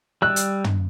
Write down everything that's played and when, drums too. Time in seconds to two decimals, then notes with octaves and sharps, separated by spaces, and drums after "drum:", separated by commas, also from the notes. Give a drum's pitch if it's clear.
0.22 G3 E6 F#6
0.36 drum: hi-hat
0.64 drum: tom